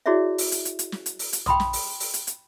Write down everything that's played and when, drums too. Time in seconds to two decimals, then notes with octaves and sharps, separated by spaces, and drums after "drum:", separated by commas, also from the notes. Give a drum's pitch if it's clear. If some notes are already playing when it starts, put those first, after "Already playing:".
0.06 E4 F#4 G#4 C#5 D5 E5
0.38 drum: open hi-hat
0.52 drum: hi-hat
0.65 drum: hi-hat
0.79 drum: hi-hat
0.92 drum: snare
1.06 drum: hi-hat
1.19 drum: open hi-hat
1.33 drum: hi-hat
1.46 G5 B5 C6 D#6, drum: tom A#1
1.60 drum: snare
1.73 drum: open hi-hat
2.00 drum: open hi-hat
2.14 drum: hi-hat
2.27 drum: hi-hat